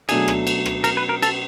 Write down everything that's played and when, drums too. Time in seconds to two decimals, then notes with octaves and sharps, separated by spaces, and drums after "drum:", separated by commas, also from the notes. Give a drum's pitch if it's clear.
0.09 B2 F#3 A3 D4 G#4, drum: cymbal
0.28 drum: rim click
0.47 drum: cymbal
0.66 drum: rim click
0.84 A#4, drum: cymbal
0.97 B4
1.09 A#4
1.22 A4, drum: cymbal